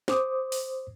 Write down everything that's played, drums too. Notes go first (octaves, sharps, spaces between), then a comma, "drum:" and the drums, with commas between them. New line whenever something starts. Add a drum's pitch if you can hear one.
C5 D6 D#6, drum: snare
drum: open hi-hat